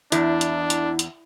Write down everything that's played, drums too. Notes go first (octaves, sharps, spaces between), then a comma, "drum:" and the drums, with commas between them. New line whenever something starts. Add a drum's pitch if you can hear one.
E2 D4 E4, drum: hi-hat
drum: hi-hat
drum: hi-hat
drum: hi-hat